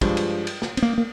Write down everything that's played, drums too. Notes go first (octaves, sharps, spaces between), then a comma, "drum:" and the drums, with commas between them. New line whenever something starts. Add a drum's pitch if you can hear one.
G2 F3 G#3, drum: kick, cymbal
drum: cymbal
drum: cymbal
drum: snare
C4, drum: cymbal
A#3
A#3